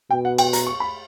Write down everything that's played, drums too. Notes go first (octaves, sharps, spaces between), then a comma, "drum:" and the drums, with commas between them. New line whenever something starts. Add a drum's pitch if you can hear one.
B2 G5
F#5
G5, drum: cymbal
A#5, drum: hi-hat
C#6
B5